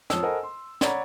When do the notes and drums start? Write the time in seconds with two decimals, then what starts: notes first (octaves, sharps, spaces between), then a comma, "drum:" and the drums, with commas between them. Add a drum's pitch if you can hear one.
0.10 F2 C#5 A5 D#6 E6, drum: snare
0.23 A4 A#4 C5 D#5 F#5 G#5
0.43 C6
0.81 C#5 D5 F#5 A#5 B5, drum: snare